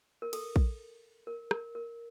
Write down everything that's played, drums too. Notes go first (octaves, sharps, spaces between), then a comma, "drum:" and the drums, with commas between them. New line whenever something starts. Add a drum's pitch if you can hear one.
A#4
A4, drum: cymbal
drum: kick A#1
A#4
A#4, drum: rim click
A#4